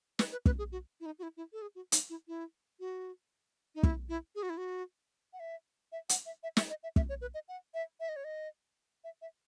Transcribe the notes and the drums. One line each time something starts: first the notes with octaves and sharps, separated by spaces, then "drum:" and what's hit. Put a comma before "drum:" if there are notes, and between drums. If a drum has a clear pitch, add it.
B4, drum: snare
B4
B4, drum: kick
G#4
F#4
E4
D#4
F#4
E4
E4
A4
G#4
F#4
D#4, drum: hi-hat
E4
E4
F#4
D#4
E4, drum: kick
E4
G#4
F#4
E4
F#4
F#5
E5
E5
F#5, drum: hi-hat
E5
E5
E5, drum: snare
D#5
E5
E5, drum: kick
C#5
B4
D#5
F#5
E5
E5
D#5
C#5
D#5
E5
E5